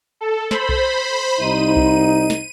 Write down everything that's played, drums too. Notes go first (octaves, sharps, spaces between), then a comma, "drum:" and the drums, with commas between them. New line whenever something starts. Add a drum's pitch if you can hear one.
A4
C5 B5, drum: snare
drum: kick B1
C2 D#4 D#7
drum: kick B1
drum: snare